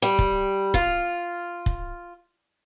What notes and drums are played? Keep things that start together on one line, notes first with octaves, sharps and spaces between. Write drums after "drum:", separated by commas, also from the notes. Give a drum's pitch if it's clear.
G3
drum: kick
F4, drum: kick
drum: kick